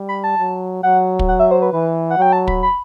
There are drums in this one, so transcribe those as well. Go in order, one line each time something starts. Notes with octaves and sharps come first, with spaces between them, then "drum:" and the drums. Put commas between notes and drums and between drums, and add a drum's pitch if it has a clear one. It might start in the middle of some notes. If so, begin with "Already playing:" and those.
Already playing: G3
B5
A5
F#3
F#3 F#5
drum: kick
F#5
E5
C5
B4
E3 B4
F#5
F#3 G5
A5
B5, drum: kick
B5